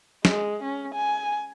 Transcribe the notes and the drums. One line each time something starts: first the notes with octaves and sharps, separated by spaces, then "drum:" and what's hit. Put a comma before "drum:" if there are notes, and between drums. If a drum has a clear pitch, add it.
G#3, drum: snare
C#4
G#5